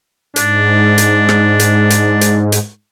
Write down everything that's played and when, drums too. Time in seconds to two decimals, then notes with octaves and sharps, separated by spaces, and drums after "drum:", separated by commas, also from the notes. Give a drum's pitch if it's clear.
0.36 G#2 D4, drum: hi-hat
0.98 drum: hi-hat
1.29 drum: rim click
1.59 drum: hi-hat
1.90 drum: hi-hat
2.21 drum: hi-hat
2.52 drum: hi-hat